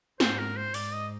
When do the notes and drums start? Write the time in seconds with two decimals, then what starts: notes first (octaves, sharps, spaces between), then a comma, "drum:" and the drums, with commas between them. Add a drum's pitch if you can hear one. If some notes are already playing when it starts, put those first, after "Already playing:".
0.20 G#2 C5, drum: snare
0.38 A#4
0.56 C5
0.74 G#2 D5, drum: open hi-hat
0.93 D#5